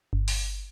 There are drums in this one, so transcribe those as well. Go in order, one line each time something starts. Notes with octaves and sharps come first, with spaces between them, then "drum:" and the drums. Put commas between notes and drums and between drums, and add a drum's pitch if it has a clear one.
G1
drum: open hi-hat